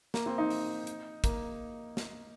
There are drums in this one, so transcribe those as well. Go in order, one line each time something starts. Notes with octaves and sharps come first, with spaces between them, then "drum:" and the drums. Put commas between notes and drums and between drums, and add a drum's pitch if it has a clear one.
A#3, drum: snare
C4
D#4
drum: open hi-hat
drum: hi-hat
A#3, drum: kick, hi-hat
drum: snare